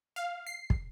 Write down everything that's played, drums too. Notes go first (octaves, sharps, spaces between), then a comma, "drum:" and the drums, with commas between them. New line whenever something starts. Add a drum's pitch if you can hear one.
F5
C7
drum: kick